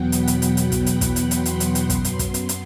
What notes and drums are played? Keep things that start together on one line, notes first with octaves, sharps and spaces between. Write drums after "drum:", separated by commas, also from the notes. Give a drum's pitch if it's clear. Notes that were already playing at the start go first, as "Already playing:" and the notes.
Already playing: E2 B2 F#3 B3 F#5 G5
B5, drum: hi-hat
drum: hi-hat
B5, drum: hi-hat
drum: hi-hat
drum: kick, hi-hat
drum: hi-hat
drum: kick, hi-hat
drum: hi-hat
C6, drum: hi-hat
drum: hi-hat
drum: hi-hat
drum: hi-hat
F#2 F#3 B3, drum: kick, hi-hat
drum: hi-hat
drum: kick, hi-hat
drum: hi-hat
drum: hi-hat